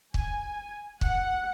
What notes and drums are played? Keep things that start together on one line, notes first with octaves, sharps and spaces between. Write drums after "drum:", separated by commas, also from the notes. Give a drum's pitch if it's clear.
G#5, drum: kick
F#5, drum: kick